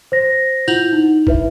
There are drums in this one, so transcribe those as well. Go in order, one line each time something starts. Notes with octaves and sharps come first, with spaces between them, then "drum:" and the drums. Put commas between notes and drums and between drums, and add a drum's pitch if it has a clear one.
C5 A#6
E4 F4 F#5 G6 F7 F#7, drum: tambourine
D#4
E4 B4 E5, drum: kick